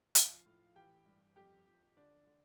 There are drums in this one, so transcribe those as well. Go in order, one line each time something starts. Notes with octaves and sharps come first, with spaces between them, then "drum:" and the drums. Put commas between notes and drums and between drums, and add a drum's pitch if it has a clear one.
F3 F4 F5, drum: hi-hat
A2
E3 G4 G5
G2
F2 G4 G5
F3
D3 D4 D5
D3